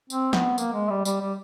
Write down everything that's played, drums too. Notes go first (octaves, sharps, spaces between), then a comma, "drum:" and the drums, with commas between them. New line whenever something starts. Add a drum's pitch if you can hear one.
C4, drum: tambourine
B3, drum: snare
A#3, drum: tambourine
G#3
G3
G3, drum: tambourine
G3